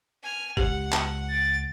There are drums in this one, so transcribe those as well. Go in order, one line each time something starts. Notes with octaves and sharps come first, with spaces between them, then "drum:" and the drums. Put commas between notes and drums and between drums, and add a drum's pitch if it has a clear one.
G#5 F6
C#2 G4 F#5, drum: kick G1
A5, drum: clap
A6 D7